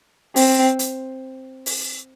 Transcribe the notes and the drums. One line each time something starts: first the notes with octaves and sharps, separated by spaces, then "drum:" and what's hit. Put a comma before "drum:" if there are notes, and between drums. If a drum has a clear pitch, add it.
C4, drum: open hi-hat
drum: hi-hat
drum: open hi-hat